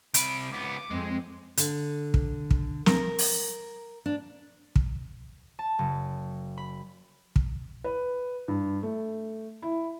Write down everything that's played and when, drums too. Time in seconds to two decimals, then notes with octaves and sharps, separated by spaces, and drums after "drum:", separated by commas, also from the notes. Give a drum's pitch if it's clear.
0.14 C3 B5 D7, drum: hi-hat
0.51 C#2 B3 D6
0.91 F2 G#3 C4
1.57 D3, drum: hi-hat
2.14 drum: kick
2.51 drum: kick
2.86 A#4, drum: snare
3.19 drum: open hi-hat
4.06 D4
4.76 drum: kick
5.59 A5
5.79 F#1
6.58 B5
7.36 drum: kick
7.84 B4
8.48 G2
8.83 A3
9.62 E4